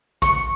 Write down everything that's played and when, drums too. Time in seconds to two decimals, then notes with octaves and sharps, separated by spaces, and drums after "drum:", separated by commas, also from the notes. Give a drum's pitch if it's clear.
0.22 C#6, drum: kick A1, hi-hat